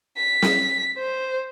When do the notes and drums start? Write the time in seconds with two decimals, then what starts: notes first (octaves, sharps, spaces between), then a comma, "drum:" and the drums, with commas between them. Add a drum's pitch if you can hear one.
0.18 B6
0.42 drum: snare
0.98 C5